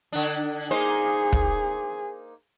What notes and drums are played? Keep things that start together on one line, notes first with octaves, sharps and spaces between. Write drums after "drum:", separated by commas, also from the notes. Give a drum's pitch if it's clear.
D3 D4
A#3 D#4 G#4 C5
drum: kick